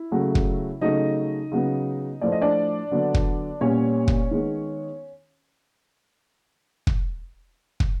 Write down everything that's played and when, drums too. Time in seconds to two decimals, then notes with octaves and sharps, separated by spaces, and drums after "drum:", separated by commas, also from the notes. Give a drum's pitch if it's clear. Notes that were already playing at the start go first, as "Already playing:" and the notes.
Already playing: E4
0.12 C#3 F#3 A3
0.35 drum: kick
0.81 C#3 F#3 A3 D#4 D#5
1.52 C#3 F#3 B3
2.21 A2 F3 A3 D5
2.32 D#5
2.42 D4 D5
2.92 D3 F#3 B3
3.14 drum: kick
3.61 A#2 G3 B3 C#4 C#5
4.08 drum: kick
4.31 D#3 G#3 B3
6.87 drum: kick
7.80 drum: kick